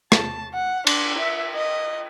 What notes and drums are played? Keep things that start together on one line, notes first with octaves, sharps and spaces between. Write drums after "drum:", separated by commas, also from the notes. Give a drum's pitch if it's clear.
A5, drum: rim click
F#5
D4, drum: cymbal
E5
D#5